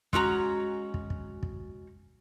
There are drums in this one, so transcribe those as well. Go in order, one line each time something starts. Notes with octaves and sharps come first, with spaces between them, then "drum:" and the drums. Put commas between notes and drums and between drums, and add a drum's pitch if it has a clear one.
G#3 C#4 F#4 A#5, drum: kick
drum: kick
drum: kick
drum: kick